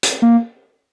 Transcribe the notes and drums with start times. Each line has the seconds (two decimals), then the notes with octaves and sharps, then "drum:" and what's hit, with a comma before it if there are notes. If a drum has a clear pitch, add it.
0.03 drum: hi-hat
0.22 A#3